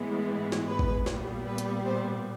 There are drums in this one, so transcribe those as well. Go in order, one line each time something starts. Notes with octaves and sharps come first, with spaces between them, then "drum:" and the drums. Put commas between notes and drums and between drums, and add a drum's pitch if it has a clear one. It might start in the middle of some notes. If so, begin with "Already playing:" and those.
Already playing: A2 E3 G#3 B3
drum: snare
B4
drum: kick
A#2 G3 B3, drum: snare
B4
drum: hi-hat
C5